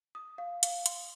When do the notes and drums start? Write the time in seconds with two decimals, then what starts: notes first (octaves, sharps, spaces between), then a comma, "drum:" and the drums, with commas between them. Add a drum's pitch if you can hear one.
0.15 D#6
0.38 F5
0.63 F5, drum: hi-hat
0.86 C6, drum: hi-hat